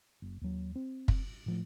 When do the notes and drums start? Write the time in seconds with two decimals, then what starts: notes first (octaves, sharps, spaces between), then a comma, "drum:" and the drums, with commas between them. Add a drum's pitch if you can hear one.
0.22 F#1
0.41 D#2 F#3
0.76 C4
1.08 drum: kick
1.46 A2 F3 A3